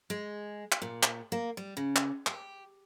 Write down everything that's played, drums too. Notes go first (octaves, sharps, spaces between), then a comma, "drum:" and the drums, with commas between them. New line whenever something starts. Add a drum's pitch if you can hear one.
G#3
drum: clap
A#2
drum: clap
A#3
G3
C#3
drum: clap
G4, drum: clap